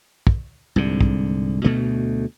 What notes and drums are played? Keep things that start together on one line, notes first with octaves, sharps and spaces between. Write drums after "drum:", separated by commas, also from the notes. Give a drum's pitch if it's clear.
drum: kick
C2 G#2 D3
drum: kick
D2 B2 A3